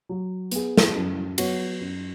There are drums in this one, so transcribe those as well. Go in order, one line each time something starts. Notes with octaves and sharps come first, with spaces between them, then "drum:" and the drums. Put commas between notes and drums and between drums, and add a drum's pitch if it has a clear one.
F#3
B3 G#4, drum: hi-hat
drum: snare
F#2
F#3 B3 F#4 C#5, drum: cymbal
F#2